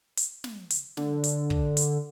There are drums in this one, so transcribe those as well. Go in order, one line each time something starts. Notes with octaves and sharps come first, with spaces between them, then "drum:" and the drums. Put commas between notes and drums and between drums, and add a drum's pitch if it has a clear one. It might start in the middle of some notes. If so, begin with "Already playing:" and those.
drum: hi-hat
drum: snare
drum: hi-hat
D3, drum: snare
drum: hi-hat
drum: kick
drum: hi-hat